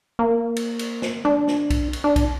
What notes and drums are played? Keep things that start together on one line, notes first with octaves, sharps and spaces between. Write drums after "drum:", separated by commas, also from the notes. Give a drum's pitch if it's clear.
A#3
drum: cymbal
drum: cymbal
drum: snare
D4, drum: tom G#3
drum: snare
drum: kick B1, cymbal
drum: cymbal
D4
drum: kick B1, cymbal